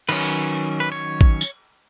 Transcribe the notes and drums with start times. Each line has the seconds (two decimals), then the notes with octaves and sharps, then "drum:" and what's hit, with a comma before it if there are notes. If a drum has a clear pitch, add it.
0.09 D#3 F#3 C#4 B4, drum: cymbal
0.80 B4
0.92 C#5
1.21 drum: kick A1
1.41 drum: tambourine